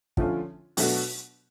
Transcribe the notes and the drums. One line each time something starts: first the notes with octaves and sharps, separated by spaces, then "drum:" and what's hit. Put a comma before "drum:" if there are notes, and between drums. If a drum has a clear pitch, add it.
D3 F3 A3 C#4 F4, drum: kick
B2 F#3 A3 D4 F#4, drum: open hi-hat